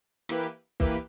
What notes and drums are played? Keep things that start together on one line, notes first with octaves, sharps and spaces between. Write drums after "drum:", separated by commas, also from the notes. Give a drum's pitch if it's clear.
E3 A#3 E4 G4 B4, drum: rim click
E3 A#3 E4 G4 B4, drum: kick